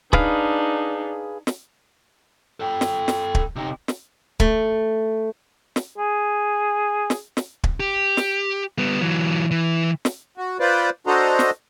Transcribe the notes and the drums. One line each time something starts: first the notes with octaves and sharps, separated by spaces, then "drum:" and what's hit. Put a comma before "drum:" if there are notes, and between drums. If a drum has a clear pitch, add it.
D4 D#4 G#4 B4 F5, drum: kick
drum: snare
A4 G5
drum: snare
drum: snare
drum: kick
C3 D#4
drum: snare
A3, drum: kick
drum: snare
G#4
drum: snare
drum: snare
drum: kick
G4
drum: snare
G3 B3
E3 F#3
E3
drum: snare
F#4
F4 B4 C5 D5
D4 F#4 A4 C5 D#5 A#5
drum: snare